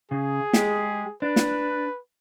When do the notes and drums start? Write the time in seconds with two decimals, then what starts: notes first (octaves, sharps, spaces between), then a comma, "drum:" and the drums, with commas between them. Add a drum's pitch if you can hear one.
0.11 C#3 G#4
0.53 G#3 G4, drum: snare
1.22 D4 B4
1.36 drum: snare